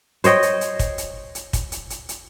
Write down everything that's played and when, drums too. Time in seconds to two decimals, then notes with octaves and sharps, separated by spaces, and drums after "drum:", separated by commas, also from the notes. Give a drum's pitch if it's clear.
0.24 C5 C#5 D#5 G5, drum: hi-hat
0.43 drum: hi-hat
0.61 drum: hi-hat
0.79 drum: kick, hi-hat
0.98 drum: hi-hat
1.35 drum: hi-hat
1.53 drum: kick, hi-hat
1.72 drum: hi-hat
1.90 drum: hi-hat
2.09 drum: hi-hat